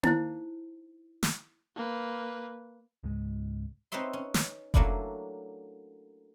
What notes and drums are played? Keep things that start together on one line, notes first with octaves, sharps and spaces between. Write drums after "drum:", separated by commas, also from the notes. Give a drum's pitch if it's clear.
D#4 E4 C5, drum: tom A#3
drum: snare
A#3 B4
C#2 G#2 G#3
C4 D#4 B4 C#5 E5 C6
C#4
drum: snare
F#3 A3 A#3 C#4 D4 E4, drum: kick F1